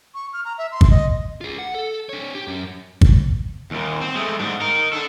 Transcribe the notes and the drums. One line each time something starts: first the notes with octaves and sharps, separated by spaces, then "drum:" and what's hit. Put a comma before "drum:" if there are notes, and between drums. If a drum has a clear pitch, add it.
C#6
F6
A#5
E5
C6
drum: kick
D#5
F4 G#4
F#5
A4
D4 C#5
G4
F#2 C#4
drum: kick
D#2 A#2
C4
G#3 A3
G#2 D4
D#4 A#4
D4 A4